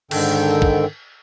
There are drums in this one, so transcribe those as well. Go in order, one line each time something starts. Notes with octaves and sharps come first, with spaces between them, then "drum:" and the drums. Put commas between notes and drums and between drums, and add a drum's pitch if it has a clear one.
G#2 D3 D#3 A4 G5, drum: cymbal
drum: kick